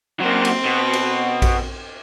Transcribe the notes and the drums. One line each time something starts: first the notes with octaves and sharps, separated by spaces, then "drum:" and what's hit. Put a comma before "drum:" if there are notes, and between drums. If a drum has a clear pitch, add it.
F#3 A#3 C4
drum: cymbal
B2
drum: cymbal
drum: kick A#1, cymbal